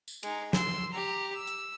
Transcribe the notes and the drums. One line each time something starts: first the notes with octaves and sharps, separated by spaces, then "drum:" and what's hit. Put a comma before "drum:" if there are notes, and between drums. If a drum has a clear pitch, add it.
drum: tambourine
G#3 D#4, drum: cymbal
C6 E6, drum: snare
G4 A#5
E6
drum: hi-hat